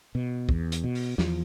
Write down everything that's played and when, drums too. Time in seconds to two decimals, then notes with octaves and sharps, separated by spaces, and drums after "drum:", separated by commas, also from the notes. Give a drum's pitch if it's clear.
0.15 B2
0.49 E2, drum: kick
0.72 drum: hi-hat
0.84 B2
0.95 drum: open hi-hat
1.18 E2 F3, drum: snare